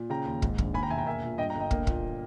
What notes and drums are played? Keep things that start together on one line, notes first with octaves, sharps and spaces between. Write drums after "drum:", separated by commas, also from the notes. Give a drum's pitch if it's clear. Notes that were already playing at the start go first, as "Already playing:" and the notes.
Already playing: A#2
C#3 G5 A#5
D#2
G#2, drum: kick
A#1, drum: kick
D#2 G#5 B5
G5 A#5
E1 E5 G#5
G5 A#5
A#3 E5 G#5
A#2
G2 D#5 G5
G5 A#5
G1
D#5 G5
A#3, drum: kick
A#2, drum: kick